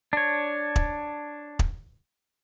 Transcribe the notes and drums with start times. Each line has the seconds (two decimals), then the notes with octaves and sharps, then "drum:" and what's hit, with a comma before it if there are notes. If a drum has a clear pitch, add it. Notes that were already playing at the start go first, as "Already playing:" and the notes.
0.13 D4 C#5
0.76 drum: kick
1.59 drum: kick